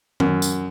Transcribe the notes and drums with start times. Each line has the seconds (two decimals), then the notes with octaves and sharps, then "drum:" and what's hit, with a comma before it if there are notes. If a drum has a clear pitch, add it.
0.20 F#2, drum: tom D#3
0.42 drum: tambourine